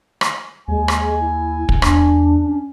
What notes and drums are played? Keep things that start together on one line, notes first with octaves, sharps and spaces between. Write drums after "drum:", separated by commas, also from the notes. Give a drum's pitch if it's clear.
drum: rim click
D#2 G#3 G#5
drum: rim click
E4
drum: kick
E2 D4, drum: rim click
C#4